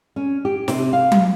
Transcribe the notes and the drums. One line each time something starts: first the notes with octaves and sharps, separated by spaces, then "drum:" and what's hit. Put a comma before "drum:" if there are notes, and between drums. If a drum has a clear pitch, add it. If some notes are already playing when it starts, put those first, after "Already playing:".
C#4
G4
C3, drum: snare
F5
drum: tom F#3